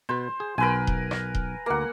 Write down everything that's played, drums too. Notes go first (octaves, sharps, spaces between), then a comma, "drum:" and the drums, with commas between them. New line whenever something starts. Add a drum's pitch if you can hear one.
B2 B4 C5
G#4
B1 A#4 B4 G#5
drum: kick D#1
drum: rim click
drum: kick D#1
D2 A#3 F#5 A#5